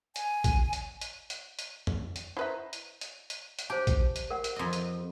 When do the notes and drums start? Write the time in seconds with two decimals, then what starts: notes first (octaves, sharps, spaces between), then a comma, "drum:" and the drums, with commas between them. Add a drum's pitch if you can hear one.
0.16 G#5, drum: hi-hat
0.44 drum: kick A1, hi-hat
0.73 drum: hi-hat
1.01 drum: hi-hat
1.30 drum: hi-hat
1.59 drum: hi-hat
1.87 drum: tom
2.16 drum: hi-hat
2.37 E4 B4 C5 E5 A#5
2.73 drum: hi-hat
3.01 drum: hi-hat
3.30 drum: hi-hat
3.59 drum: hi-hat
3.70 G4 C5 A5
3.87 drum: kick A1, hi-hat
4.16 drum: hi-hat
4.30 A#4 F#5
4.44 drum: hi-hat
4.56 F2 D#5
4.73 drum: hi-hat